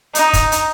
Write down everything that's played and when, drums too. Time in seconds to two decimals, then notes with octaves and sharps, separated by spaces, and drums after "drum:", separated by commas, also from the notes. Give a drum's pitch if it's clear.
0.15 D#4, drum: hi-hat
0.33 drum: kick, hi-hat
0.52 drum: hi-hat